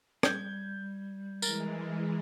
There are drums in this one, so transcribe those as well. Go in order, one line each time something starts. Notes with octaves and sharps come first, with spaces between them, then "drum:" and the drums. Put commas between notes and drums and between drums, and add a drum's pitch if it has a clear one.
G3 G6 G#6, drum: rim click
E3 G#3 A#4 A6, drum: tambourine